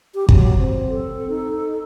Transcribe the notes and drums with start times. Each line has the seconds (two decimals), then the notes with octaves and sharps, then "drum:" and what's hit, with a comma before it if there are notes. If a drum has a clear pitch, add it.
0.15 G4
0.29 F#3, drum: kick
0.58 C4
0.89 A4
1.29 D#4